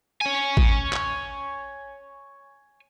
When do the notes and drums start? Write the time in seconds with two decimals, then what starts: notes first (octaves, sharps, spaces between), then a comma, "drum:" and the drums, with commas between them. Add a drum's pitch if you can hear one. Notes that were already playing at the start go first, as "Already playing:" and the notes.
0.21 C#5 G#5
0.57 drum: kick G#1
0.93 drum: clap